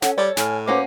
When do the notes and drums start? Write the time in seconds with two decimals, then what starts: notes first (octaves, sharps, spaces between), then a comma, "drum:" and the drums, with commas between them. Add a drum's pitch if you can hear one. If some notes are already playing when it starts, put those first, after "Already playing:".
0.02 C#4 A4 F#5, drum: snare
0.18 G3 A4 C#5 D5
0.37 A2 G#5 F6, drum: snare
0.68 A#3 C#4 F#4 B4 C5 D6